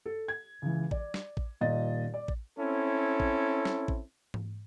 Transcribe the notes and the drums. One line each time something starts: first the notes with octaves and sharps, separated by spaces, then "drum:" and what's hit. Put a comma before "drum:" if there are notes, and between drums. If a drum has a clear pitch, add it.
A4
G#6
C#2 E3
D5, drum: kick A1
drum: snare
drum: kick A1
D#1 A#2 D#5 A6
D5
drum: kick A1
C4 C#4 E4 A4
drum: kick A1
drum: snare
drum: kick A1
drum: tom G#2